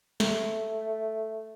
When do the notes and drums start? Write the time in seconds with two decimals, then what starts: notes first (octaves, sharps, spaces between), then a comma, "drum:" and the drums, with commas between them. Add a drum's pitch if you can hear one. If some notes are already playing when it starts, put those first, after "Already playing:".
0.20 A3, drum: snare